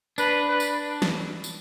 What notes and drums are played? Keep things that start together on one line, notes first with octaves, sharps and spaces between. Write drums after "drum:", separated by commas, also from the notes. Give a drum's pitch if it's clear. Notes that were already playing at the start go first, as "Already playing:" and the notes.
D4 B4, drum: tambourine
B4
drum: tambourine
drum: snare
drum: tambourine